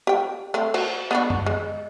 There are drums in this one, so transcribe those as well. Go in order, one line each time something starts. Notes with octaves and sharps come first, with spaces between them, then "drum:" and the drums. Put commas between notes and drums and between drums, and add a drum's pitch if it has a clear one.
G4 G5
A3 C4
F#4 C5, drum: cymbal
B3 D4 F#4
drum: tom F#2
G#3